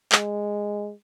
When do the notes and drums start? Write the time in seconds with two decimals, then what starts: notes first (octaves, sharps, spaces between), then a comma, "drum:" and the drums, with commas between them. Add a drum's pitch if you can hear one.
0.12 G#3, drum: clap